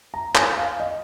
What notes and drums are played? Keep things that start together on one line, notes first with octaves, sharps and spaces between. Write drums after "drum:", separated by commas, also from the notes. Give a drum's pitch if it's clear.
A#5
G#5, drum: clap
F5
D#5